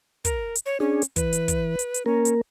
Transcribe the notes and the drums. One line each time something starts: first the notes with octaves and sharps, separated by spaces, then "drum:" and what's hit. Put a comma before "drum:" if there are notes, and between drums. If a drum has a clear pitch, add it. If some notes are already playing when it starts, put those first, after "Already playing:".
A#4, drum: kick, hi-hat
drum: hi-hat
C#5
C#4 D4 G#4
drum: hi-hat
E3 B4, drum: kick, hi-hat
drum: hi-hat
drum: kick, hi-hat
drum: hi-hat
drum: hi-hat
A#3 C#4 A#4
drum: hi-hat